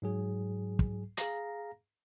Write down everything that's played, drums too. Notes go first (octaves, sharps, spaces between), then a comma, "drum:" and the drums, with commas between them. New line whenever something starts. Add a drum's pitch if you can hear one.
G#2 F#3 G#4
drum: kick
G#4 F5 A#5 A#6, drum: hi-hat